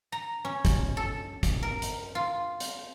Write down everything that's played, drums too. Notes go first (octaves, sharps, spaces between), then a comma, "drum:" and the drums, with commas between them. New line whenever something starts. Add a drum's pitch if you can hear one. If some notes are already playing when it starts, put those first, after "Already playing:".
A#5
C#4
drum: kick, hi-hat
A4
drum: kick, hi-hat
A#4
drum: hi-hat
F4
drum: hi-hat